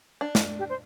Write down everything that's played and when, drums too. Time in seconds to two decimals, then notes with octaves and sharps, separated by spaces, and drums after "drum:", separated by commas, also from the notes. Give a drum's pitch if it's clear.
0.21 D4
0.35 drum: snare
0.59 G4
0.69 C5